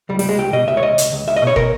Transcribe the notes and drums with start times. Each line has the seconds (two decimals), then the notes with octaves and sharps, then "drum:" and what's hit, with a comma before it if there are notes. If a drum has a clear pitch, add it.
0.09 C#2 G3
0.19 G3, drum: open hi-hat
0.24 C#2 G#3
0.38 C#2 G4
0.53 B2 D#5
0.68 C#2 E5
0.77 C#5
0.82 C#2 D#5
0.98 C#2, drum: hi-hat
1.12 C#2
1.28 C#2 E5
1.36 D#5
1.42 B2
1.47 C#5
1.56 B2 A#4, drum: kick